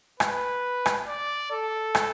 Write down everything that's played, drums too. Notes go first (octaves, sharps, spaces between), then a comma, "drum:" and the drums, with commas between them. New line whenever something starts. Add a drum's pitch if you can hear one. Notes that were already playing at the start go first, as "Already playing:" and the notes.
B4, drum: rim click
drum: rim click
D5
A4
drum: rim click